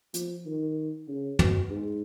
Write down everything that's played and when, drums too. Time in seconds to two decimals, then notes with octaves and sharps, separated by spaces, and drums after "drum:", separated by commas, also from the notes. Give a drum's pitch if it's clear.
0.14 F3, drum: hi-hat
0.46 D#3
1.08 C#3
1.39 B2, drum: tom
1.70 G#2